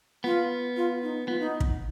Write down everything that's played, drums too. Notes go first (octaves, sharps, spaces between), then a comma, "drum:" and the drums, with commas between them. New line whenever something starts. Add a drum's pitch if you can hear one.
B3 F4
F4
D#4
B3 F4
D#4
drum: kick